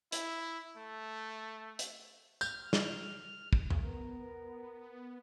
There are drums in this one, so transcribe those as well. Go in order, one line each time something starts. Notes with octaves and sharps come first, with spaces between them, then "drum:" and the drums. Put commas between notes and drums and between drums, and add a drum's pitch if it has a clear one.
E4, drum: hi-hat
A3
drum: hi-hat
F6 G6, drum: tambourine
drum: snare
drum: kick
drum: tom E2
B3 A#4